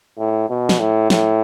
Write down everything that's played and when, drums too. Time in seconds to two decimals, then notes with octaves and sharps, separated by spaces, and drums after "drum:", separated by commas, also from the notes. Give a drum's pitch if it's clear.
0.18 A2
0.49 B2
0.69 drum: snare
0.79 A2
1.10 A2, drum: snare